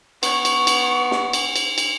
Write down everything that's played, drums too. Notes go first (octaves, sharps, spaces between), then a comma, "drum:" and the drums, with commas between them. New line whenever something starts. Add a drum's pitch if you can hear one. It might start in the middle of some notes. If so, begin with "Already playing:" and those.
B3 C#6, drum: cymbal
drum: cymbal
drum: cymbal
drum: snare
drum: cymbal
drum: cymbal
drum: cymbal